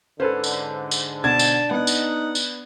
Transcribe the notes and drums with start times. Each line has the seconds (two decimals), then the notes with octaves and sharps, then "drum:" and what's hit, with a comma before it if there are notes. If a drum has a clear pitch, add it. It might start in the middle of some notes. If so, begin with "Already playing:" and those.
0.20 G#2 D3 C#4 A4 B4 C5
0.44 drum: tambourine
0.91 drum: tambourine
1.24 B2 D4 A5 G#6
1.39 drum: tambourine
1.71 B3 D#4 F#5
1.87 drum: tambourine
2.35 drum: tambourine